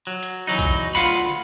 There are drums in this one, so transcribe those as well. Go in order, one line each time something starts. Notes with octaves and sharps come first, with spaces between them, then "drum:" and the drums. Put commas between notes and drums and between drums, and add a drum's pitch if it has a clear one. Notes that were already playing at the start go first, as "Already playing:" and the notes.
F#3
drum: hi-hat
E2 E3 F#3 D#4
drum: kick B1, hi-hat
D2 F4 F5 F#5 B5, drum: hi-hat